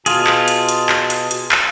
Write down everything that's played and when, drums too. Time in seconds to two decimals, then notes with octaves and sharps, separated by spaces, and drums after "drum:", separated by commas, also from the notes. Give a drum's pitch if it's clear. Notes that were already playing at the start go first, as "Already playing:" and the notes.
0.06 B2 F4 G#4 A5, drum: hi-hat
0.27 drum: clap
0.48 drum: hi-hat
0.69 drum: hi-hat
0.89 drum: clap
1.10 drum: hi-hat
1.31 drum: hi-hat
1.52 drum: clap